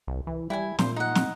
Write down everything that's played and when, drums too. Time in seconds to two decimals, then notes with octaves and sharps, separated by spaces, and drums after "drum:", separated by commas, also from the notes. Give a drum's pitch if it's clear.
0.07 C2
0.27 E3
0.50 G3 E4 G5 G#5
0.79 A#2 C5, drum: snare
0.96 D#4 F#5
1.15 drum: snare